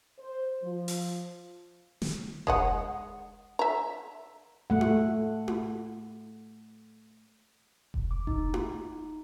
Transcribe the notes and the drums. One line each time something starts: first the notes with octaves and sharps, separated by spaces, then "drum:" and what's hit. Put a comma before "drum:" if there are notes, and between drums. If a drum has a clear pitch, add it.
C5
F3
drum: open hi-hat
drum: snare
G#3 D#5 F#5, drum: kick F1
E5 A#5
A3 F#5
drum: tom E4
drum: tom E4
drum: kick F1
D6
D#4, drum: kick F1
drum: tom E4